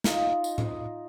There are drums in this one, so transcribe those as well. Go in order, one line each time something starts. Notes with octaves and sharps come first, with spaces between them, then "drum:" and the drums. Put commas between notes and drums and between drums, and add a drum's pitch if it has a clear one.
D#4 F4 D#5, drum: snare
drum: tambourine
drum: tom A2